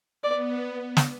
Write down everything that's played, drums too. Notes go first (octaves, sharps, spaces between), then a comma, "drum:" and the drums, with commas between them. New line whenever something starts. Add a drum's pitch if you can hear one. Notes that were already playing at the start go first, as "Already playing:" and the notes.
B3 D5
drum: snare